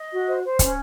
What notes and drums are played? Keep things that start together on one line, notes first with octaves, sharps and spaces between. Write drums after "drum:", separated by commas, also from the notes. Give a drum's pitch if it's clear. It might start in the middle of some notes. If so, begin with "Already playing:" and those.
Already playing: D#5
F#4
C5
C5
C#4, drum: kick, hi-hat